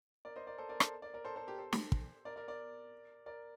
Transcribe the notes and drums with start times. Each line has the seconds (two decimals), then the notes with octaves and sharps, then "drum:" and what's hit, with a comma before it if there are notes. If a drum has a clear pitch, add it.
0.25 A#4 D5
0.36 C5 D#5
0.47 A#4 D5
0.58 A4 C5
0.69 A#4 D5
0.80 A4 C5, drum: rim click
1.02 A#4 D5
1.14 A#4 D5
1.25 A4 C5
1.36 A4 C5
1.47 G4 A#4
1.58 A4 C5
1.73 drum: snare
1.92 drum: kick
2.25 A#4 D5
2.36 A#4 D5
2.48 A#4 D5
3.26 A#4 D5